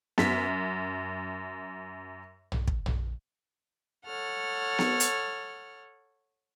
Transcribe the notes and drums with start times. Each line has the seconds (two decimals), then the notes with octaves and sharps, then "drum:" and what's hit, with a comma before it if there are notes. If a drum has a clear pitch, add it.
0.18 F#2 B6, drum: snare B3
2.52 drum: tom
2.68 drum: kick
2.86 drum: tom
4.06 A4 C#5 F#5 F6
4.79 drum: snare B3
5.00 drum: hi-hat